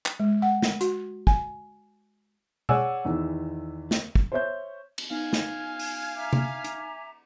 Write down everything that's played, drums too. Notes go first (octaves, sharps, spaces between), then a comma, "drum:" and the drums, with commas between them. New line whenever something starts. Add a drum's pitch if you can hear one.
drum: clap
G#3
F#5
drum: snare
F#4, drum: hi-hat
G#5, drum: kick
G#4 C#5 D5 F#5 G#5 E6, drum: tom B2
E2 D#3 E3
drum: snare
drum: kick
C5 C#5 E5 G6
drum: cymbal
B3 D#4 F5 G#5
drum: snare
drum: open hi-hat
E5 A#5 D6
drum: tom C3
drum: hi-hat